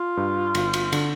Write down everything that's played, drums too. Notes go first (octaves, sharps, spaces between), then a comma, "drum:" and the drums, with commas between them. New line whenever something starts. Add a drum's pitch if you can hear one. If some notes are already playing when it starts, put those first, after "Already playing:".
Already playing: F4
G2
G1, drum: cymbal
drum: cymbal
D3, drum: cymbal